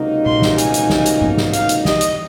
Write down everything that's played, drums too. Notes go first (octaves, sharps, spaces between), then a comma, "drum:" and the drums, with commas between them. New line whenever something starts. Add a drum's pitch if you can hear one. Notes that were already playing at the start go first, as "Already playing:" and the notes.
Already playing: C#2 C3 F#3 A#3 D#4
C6, drum: tom A#2
drum: snare
G#5, drum: hi-hat
drum: hi-hat
drum: snare
drum: hi-hat
drum: tom G#2
drum: snare
F5, drum: hi-hat
drum: hi-hat
D#5, drum: snare
drum: hi-hat